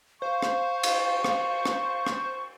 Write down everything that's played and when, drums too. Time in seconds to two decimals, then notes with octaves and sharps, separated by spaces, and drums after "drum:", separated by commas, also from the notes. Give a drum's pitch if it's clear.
0.22 C5 F5 C#6
0.42 drum: rim click
0.83 drum: cymbal
1.24 drum: rim click
1.65 drum: rim click
2.06 drum: rim click